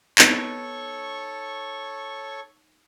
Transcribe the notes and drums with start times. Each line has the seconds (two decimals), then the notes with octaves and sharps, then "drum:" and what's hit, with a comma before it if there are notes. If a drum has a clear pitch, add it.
0.18 B3 D#4 A4 C#5 C#6, drum: clap